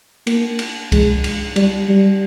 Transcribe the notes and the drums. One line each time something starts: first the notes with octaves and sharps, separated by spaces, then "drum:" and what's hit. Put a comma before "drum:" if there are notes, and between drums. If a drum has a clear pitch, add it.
A#3, drum: cymbal
drum: cymbal
G#3, drum: kick C2, cymbal
drum: cymbal
G3, drum: cymbal
G3